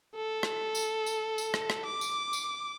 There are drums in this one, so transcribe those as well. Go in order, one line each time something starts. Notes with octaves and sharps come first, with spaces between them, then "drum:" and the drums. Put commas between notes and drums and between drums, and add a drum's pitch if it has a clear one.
A4
drum: rim click
drum: tambourine
drum: tambourine
drum: tambourine
drum: rim click
drum: rim click
D6
drum: tambourine
drum: tambourine